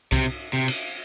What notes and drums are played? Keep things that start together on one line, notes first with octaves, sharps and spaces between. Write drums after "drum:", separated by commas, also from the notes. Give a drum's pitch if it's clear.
C3, drum: kick C2, cymbal
C3
drum: cymbal